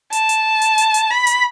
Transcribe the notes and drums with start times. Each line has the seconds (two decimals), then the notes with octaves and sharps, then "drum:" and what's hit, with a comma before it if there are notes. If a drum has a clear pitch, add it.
0.13 A5, drum: hi-hat
0.29 drum: hi-hat
0.62 drum: hi-hat
0.78 drum: hi-hat
0.94 drum: hi-hat
1.10 B5
1.27 drum: hi-hat